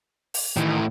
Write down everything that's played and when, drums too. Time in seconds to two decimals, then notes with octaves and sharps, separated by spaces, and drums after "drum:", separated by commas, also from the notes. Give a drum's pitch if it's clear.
0.34 drum: open hi-hat
0.57 A2 D#3 E3